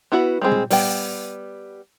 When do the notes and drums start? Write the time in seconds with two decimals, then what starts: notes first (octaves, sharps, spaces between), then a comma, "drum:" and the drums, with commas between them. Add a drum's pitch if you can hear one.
0.12 B3 E4 F#4 B4
0.41 G3 G#3 C4 G#4
0.52 drum: tom A#2
0.70 G3 B3 G5, drum: open hi-hat